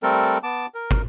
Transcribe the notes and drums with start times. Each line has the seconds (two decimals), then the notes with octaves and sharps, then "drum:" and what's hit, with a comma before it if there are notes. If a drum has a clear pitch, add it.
0.03 G3 A3 C4 A4 A#4
0.43 B3 A5 D6
0.74 A#4
0.91 drum: kick